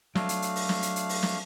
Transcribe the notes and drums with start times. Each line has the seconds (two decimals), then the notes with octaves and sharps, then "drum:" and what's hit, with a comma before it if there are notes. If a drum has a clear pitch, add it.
0.15 F#3 A3 D4 F5, drum: snare
0.29 drum: hi-hat
0.42 drum: hi-hat
0.56 drum: open hi-hat
0.69 drum: snare
0.82 drum: hi-hat
0.96 drum: hi-hat
1.09 drum: open hi-hat
1.23 drum: snare